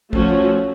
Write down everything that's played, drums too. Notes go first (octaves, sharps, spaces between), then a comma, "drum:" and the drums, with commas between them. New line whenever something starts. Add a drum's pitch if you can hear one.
F3 A3 C#4 F#4, drum: kick